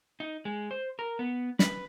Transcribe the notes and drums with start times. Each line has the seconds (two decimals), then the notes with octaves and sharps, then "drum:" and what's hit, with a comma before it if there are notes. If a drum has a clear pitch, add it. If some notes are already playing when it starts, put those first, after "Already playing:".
0.20 D#4
0.45 G#3
0.71 C5
0.99 A#4
1.19 B3
1.59 B4, drum: snare